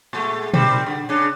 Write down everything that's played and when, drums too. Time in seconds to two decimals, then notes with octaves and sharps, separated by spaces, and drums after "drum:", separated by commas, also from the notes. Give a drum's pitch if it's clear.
0.13 A#2 G#3 A3
0.54 D#3 G3 C4, drum: tom
0.86 D3
1.09 C#3 D4